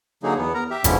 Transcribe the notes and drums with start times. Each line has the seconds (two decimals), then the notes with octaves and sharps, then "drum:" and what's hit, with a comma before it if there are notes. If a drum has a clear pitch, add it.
0.23 D3 F#3 A#3 D#4 G#4
0.37 E2 B3
0.54 A#4 A#5
0.71 G4 E5
0.84 G#2 B2 D3 F3 C#4 E4, drum: kick, hi-hat